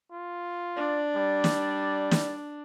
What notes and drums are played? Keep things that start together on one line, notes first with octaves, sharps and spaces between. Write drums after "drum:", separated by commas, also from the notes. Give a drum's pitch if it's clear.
F4
D4 D5
G3
drum: snare
drum: snare